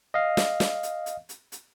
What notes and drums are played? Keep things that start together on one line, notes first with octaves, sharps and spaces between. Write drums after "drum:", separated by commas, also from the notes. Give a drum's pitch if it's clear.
D#5 F5
drum: snare
drum: snare
drum: hi-hat
drum: hi-hat
drum: hi-hat
drum: hi-hat